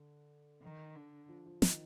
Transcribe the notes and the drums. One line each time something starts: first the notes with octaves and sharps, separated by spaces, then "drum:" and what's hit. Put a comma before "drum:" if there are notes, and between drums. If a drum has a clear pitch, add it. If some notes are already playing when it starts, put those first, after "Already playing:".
Already playing: D3
D#3
D3
F3
F3
D#3, drum: snare